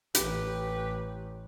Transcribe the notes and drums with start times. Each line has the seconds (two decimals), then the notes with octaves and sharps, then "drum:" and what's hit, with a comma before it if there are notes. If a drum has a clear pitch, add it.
0.15 A1 G4 B4, drum: hi-hat